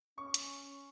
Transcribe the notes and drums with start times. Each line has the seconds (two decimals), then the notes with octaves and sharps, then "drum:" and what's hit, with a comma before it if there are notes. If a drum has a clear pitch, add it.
0.18 C#4 C#6
0.34 drum: hi-hat